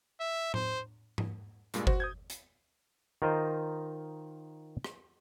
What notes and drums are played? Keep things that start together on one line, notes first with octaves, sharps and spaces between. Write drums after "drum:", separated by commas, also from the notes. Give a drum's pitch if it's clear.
E5
C5, drum: tom A2
drum: tom G#2
G2 A#2 G#3, drum: hi-hat
F#4 C5, drum: kick G1
D#6 G6 G#6
drum: hi-hat
D#3 F4 A#4 C5 D#5
drum: rim click